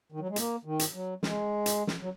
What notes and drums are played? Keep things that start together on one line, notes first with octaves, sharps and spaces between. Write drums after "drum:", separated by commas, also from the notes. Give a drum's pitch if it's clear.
D#3
F#3
G#3
A#3, drum: hi-hat
D#3
drum: hi-hat
F#3
G#3, drum: snare
drum: hi-hat
drum: snare
F#3